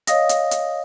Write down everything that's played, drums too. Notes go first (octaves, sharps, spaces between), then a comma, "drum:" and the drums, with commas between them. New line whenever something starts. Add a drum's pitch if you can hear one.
C#5 D#5 F5 D#6 A#6, drum: hi-hat
drum: hi-hat
drum: hi-hat